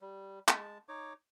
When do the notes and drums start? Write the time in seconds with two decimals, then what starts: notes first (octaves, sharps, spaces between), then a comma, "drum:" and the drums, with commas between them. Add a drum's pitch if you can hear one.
0.01 G3
0.48 G#3 A5, drum: clap
0.89 D#4 C#5 D6